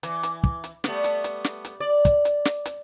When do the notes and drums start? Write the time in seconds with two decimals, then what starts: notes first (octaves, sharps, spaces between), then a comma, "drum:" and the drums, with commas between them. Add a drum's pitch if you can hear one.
0.03 E3, drum: hi-hat
0.23 drum: hi-hat
0.44 drum: kick
0.64 drum: hi-hat
0.84 G3 A3 B3, drum: snare
1.04 drum: hi-hat
1.24 drum: hi-hat
1.44 drum: snare
1.65 drum: hi-hat
1.80 D5
2.05 drum: kick, hi-hat
2.25 drum: hi-hat
2.45 drum: snare
2.66 drum: hi-hat